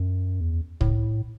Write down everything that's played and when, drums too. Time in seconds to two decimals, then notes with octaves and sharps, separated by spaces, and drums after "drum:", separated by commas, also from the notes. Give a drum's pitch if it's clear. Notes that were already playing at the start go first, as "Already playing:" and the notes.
Already playing: F#2
0.41 E2
0.81 A2, drum: kick